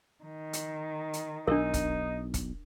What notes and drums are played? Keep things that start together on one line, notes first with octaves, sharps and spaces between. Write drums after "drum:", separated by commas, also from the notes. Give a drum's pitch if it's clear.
D#3
drum: hi-hat
drum: hi-hat
B1 D4 D#4 A#4
drum: kick, hi-hat
drum: kick, hi-hat